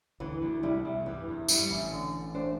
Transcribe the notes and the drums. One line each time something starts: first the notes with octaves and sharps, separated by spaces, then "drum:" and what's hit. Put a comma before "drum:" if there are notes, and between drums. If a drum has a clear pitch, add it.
D2 D3 E3
D2 D3
C2 C3 G3 E4
C2 C3
E2
G2 E3
E2
G2 G3 E4, drum: tambourine
A1 A2
D3
A3 D4 C5